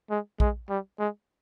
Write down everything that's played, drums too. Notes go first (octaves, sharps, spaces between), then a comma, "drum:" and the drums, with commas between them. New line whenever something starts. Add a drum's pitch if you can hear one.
G#3
G#3, drum: kick A#1
G3
G#3